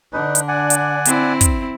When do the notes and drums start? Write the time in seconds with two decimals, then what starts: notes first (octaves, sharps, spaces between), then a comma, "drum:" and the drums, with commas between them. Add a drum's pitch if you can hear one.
0.13 D3 D4 D#4 B4
0.35 drum: hi-hat
0.48 D5 F#5 G#5
0.70 drum: hi-hat
1.05 C4 E4, drum: hi-hat
1.41 drum: kick, hi-hat